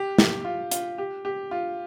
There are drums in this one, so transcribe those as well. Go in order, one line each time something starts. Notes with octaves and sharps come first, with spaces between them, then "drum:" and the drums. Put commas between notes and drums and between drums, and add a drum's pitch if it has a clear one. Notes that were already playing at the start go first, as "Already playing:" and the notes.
Already playing: G4
G4, drum: snare
F4
F4, drum: hi-hat
G4
G4
F4